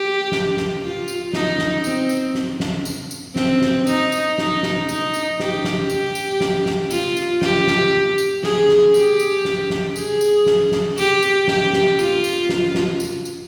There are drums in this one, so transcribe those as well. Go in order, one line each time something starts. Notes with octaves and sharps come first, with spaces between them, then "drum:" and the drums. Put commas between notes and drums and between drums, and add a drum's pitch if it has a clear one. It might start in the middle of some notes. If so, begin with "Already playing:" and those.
Already playing: G4
drum: snare
drum: snare
F4
drum: tambourine
D#4, drum: snare
drum: snare
C4, drum: tambourine
drum: tambourine
drum: snare
drum: snare
drum: tambourine
drum: tambourine
C4, drum: snare
drum: snare
D#4, drum: tambourine
drum: tambourine
D#4, drum: snare
drum: snare
D#4, drum: tambourine
drum: tambourine
G4, drum: snare
drum: snare
G4, drum: tambourine
drum: tambourine
drum: snare
drum: snare
F4, drum: tambourine
drum: tambourine
G4, drum: snare
drum: snare
drum: tambourine
G#4, drum: snare
drum: snare
G4, drum: tambourine
drum: tambourine
drum: snare
drum: snare
G#4, drum: tambourine
drum: tambourine
drum: snare
drum: snare
G4, drum: tambourine
drum: tambourine
G4, drum: snare
drum: snare
F4, drum: tambourine
drum: tambourine
drum: snare
drum: snare
drum: tambourine
drum: tambourine